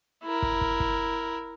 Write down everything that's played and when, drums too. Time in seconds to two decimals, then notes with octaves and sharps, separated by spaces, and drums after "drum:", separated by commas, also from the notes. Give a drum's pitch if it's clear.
0.24 E4 A#4
0.42 drum: kick
0.61 drum: kick
0.80 drum: kick